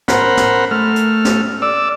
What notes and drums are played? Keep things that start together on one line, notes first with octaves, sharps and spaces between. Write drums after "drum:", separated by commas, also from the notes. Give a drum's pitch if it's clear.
A#4 C5 F#5 B5, drum: snare
drum: snare
A3 F6
drum: hi-hat
drum: snare
D5 E6